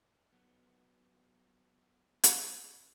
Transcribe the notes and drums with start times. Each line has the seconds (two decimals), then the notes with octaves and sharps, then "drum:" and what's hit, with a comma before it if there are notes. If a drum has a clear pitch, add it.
0.33 F#3 B3
2.24 drum: hi-hat